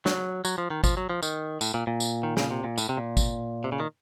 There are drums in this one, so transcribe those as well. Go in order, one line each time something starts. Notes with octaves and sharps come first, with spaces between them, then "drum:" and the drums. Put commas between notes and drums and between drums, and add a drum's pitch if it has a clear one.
F#3, drum: snare
F#3, drum: tambourine
F3
D#3
F3, drum: kick, tambourine
F#3
F3
D#3, drum: tambourine
A2, drum: tambourine
A#2
A#2
drum: tambourine
D#3
C#3, drum: snare
C3
A#2
A2, drum: tambourine
C3
A#2
drum: kick, tambourine
C3
C#3
D#3